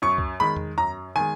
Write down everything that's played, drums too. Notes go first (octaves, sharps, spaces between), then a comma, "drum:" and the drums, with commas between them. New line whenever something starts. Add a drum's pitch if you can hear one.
F#2 C#6
drum: kick
D#3 G#3 B5
drum: tom E2
F#2 A#5
D#3 G#3 G#5